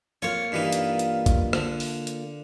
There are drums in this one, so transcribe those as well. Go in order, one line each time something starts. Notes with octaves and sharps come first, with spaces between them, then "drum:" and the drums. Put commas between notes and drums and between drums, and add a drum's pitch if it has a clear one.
A#3 F4 C#5
G2 E3 D#4
drum: hi-hat
drum: hi-hat
drum: kick, hi-hat
D3, drum: rim click
drum: open hi-hat
drum: hi-hat